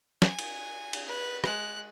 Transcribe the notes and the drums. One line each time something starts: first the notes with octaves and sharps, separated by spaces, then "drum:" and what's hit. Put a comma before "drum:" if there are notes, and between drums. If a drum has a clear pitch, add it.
G#5, drum: snare
drum: cymbal
drum: cymbal
B4
G#3 F#6, drum: rim click